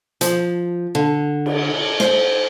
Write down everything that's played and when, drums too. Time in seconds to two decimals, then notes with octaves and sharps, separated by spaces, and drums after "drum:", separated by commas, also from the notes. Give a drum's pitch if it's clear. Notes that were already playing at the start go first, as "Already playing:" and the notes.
0.21 F3, drum: hi-hat
0.95 D3
1.46 drum: cymbal
2.00 C5, drum: snare